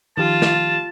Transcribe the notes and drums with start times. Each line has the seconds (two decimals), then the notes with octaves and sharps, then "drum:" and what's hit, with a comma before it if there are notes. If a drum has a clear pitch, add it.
0.17 D#3 F3 F4 G4 A5
0.42 drum: snare